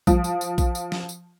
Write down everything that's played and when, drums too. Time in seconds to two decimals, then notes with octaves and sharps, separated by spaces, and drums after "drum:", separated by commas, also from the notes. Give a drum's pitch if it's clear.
0.07 F3, drum: kick A#1, tambourine
0.24 drum: tambourine
0.41 drum: tambourine
0.58 drum: kick A#1, tambourine
0.75 drum: tambourine
0.92 drum: snare
1.09 drum: tambourine